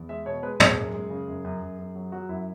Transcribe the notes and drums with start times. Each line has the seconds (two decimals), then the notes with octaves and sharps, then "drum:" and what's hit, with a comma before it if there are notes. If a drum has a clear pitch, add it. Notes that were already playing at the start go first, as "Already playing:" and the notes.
Already playing: E2
0.09 G#3 E5
0.26 B2 C#5
0.43 G#3 B4
0.60 B2 G#4, drum: tom
0.77 F#2
0.94 G#3
1.10 C#3
1.28 F#2
1.45 F#2
1.61 F#2
1.79 F#2
1.95 F#3
2.12 F#3 F#4
2.29 F#2 E4